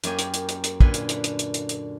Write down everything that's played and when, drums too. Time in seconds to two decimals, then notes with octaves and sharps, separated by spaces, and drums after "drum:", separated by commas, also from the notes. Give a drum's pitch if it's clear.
0.04 F#2 A#3 G4 G#5, drum: hi-hat
0.19 drum: hi-hat
0.34 drum: hi-hat
0.49 drum: hi-hat
0.64 drum: hi-hat
0.81 A#2 D3 B4 G#5, drum: kick
0.94 drum: hi-hat
1.09 drum: hi-hat
1.24 drum: hi-hat
1.39 drum: hi-hat
1.54 drum: hi-hat
1.69 drum: hi-hat